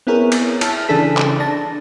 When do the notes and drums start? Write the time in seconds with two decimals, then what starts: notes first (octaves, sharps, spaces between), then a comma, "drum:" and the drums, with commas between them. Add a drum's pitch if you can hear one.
0.07 B3 C4 E4 G#4 A#4 C#5
0.32 drum: cymbal
0.61 E4 E5 A5 F6, drum: cymbal
0.89 C#3 E3 D4 G#4 A4 B6
1.17 drum: clap
1.40 D4 A5 A#6